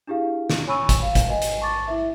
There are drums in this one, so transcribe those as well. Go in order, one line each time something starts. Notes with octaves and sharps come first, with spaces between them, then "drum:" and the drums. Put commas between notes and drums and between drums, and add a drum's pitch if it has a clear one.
D4 E4 G4 G#4 F5
drum: snare
C#5 G#5 B5 C#6 E6 D#7
drum: kick, hi-hat
F5
drum: kick, hi-hat
D#5 G#5
drum: hi-hat
A5 C#6 D6 A6
E4 E5